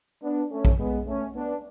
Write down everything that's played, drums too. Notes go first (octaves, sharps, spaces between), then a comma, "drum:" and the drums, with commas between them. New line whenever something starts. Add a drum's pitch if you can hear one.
B3 D4
A3 C#4
drum: kick A#1
G#3 B3
A3 C#4
B3 D4